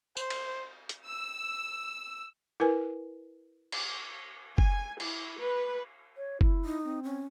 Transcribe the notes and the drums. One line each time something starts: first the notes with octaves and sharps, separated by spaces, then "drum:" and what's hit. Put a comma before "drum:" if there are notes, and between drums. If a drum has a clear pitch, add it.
C5, drum: tambourine
drum: cymbal
drum: hi-hat
E6
E4 A#4 B4 G#5
drum: cymbal
G#5, drum: kick
E4, drum: cymbal
B4
C#5
E4, drum: kick
D#4
C4
C#4